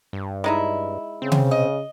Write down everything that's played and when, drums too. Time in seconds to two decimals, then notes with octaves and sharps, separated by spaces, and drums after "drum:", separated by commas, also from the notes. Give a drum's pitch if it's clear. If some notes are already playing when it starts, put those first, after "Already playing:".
0.13 G2
0.44 G#3 D#4 E4
1.22 C#3 C4
1.32 drum: tom C3
1.51 D#5